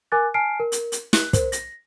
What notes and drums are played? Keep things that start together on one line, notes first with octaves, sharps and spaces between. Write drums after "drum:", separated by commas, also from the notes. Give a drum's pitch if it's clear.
A#4 G#5 D6 F#6 A6
G#5 A5 F6 C7 D7
A#4
drum: hi-hat
drum: hi-hat
F#6, drum: snare
A#4 C5, drum: kick, hi-hat
A#6, drum: hi-hat